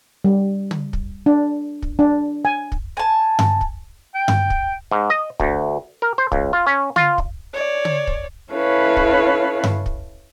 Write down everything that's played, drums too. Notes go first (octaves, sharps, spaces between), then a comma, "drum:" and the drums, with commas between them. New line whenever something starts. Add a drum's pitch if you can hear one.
G3
drum: tom
drum: kick
D4
drum: kick
D4
G#5
drum: kick
G#5 A5
drum: tom G2
drum: kick
G5
drum: tom G2
drum: kick
G#2
D#5
D2, drum: kick
A#4
C5
C#2, drum: kick
F4
C#4
F4, drum: tom
drum: kick
C#5 D5
drum: tom
drum: kick
C#4 E4 A4 B4 C#5 F5
drum: kick
drum: tom G2
drum: kick